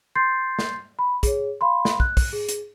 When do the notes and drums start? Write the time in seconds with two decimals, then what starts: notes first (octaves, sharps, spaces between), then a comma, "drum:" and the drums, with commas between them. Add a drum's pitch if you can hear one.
0.15 C6 G6 A6 C7
0.59 drum: snare
0.99 B5
1.23 G#4 C#5, drum: kick, hi-hat
1.61 F5 B5 C6
1.85 drum: snare
2.00 F#6, drum: kick
2.17 drum: kick, open hi-hat
2.33 G#4
2.49 drum: hi-hat